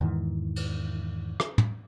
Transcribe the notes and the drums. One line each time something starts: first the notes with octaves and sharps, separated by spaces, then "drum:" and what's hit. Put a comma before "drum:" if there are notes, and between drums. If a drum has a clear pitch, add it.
E2 G#2 D#3 E3
drum: cymbal
drum: rim click
drum: tom